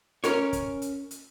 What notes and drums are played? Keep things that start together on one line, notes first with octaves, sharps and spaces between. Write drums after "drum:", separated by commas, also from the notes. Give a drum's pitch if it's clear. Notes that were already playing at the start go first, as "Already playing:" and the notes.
C#4 A#4 C#5, drum: hi-hat
drum: kick, hi-hat
drum: hi-hat
drum: hi-hat